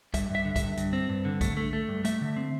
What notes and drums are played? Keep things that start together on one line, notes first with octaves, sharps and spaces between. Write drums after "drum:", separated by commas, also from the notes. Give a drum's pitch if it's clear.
G2 E5, drum: kick B1, hi-hat
G2
E5
D3
E5, drum: kick B1, hi-hat
G2
G2, drum: hi-hat
C4
G2
D3
A3, drum: kick B1, hi-hat
A3
A3
G2
A3 E5, drum: hi-hat
D3
C4